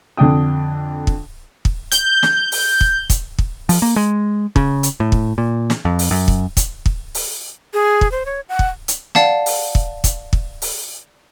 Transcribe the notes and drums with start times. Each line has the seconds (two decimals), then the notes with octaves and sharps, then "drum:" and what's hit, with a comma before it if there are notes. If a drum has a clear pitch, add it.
0.17 F2 D3 D4 G5 D#6
1.07 drum: kick
1.65 drum: kick
1.92 G6, drum: hi-hat
2.23 drum: snare
2.52 drum: open hi-hat
2.81 drum: kick
3.10 drum: kick, hi-hat
3.39 drum: kick
3.69 F3, drum: open hi-hat
3.82 A#3
3.96 G#3
4.56 C#3, drum: kick
4.83 drum: hi-hat
5.00 A2
5.12 drum: kick
5.38 A#2
5.70 drum: snare
5.85 F2
5.99 drum: open hi-hat
6.11 F#2
6.28 drum: kick
6.57 drum: kick, hi-hat
6.86 drum: kick
7.15 drum: open hi-hat
7.74 G#4
8.01 drum: kick
8.12 C5
8.26 C#5
8.49 F#5
8.59 drum: kick
8.88 drum: hi-hat
9.15 D5 F5 F#5 A5, drum: snare
9.46 drum: open hi-hat
9.75 drum: kick
10.04 drum: kick, hi-hat
10.33 drum: kick
10.62 drum: open hi-hat